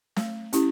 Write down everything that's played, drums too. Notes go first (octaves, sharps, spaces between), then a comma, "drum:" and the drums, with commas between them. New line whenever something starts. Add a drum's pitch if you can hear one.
A3, drum: snare
C#4 E4 G4, drum: hi-hat